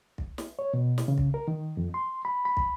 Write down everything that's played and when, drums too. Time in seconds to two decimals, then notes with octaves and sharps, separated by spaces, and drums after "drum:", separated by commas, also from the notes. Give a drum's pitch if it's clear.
0.18 drum: kick
0.38 drum: snare
0.59 C#5
0.74 B2
0.98 drum: snare
1.08 C#3
1.18 drum: kick
1.34 A#4
1.48 D#3
1.77 F2
1.94 C6
2.25 B5
2.45 B5
2.57 drum: kick